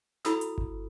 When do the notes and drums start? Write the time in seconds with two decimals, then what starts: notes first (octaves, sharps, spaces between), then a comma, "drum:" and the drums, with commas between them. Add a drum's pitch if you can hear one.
0.25 E4 F#4 A4 B5 D#6 E6, drum: snare
0.41 drum: hi-hat
0.58 drum: kick G1